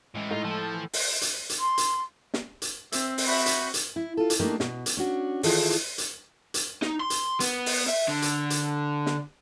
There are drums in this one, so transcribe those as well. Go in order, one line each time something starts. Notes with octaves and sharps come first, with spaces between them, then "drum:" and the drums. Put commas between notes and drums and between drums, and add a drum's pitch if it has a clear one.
A2 E3 G#3
A2 D#4 F4
F3 A4
E3
drum: open hi-hat
drum: hi-hat
drum: hi-hat
C6
drum: hi-hat
drum: snare
drum: hi-hat
C4 E5, drum: hi-hat
drum: open hi-hat
F#4 E5 B5 G6
drum: hi-hat
drum: hi-hat
E4
F4 A4
drum: hi-hat
G3 A3 A#3 D4 D#4 A#4
B2, drum: snare
drum: hi-hat
C#4 D4 F#4
D#3 E3 E4 F4 G#4 A4, drum: open hi-hat
drum: hi-hat
drum: hi-hat
drum: hi-hat
D#4, drum: snare
C6
drum: hi-hat
B3, drum: hi-hat
drum: open hi-hat
E5
D3
drum: hi-hat
drum: hi-hat
drum: snare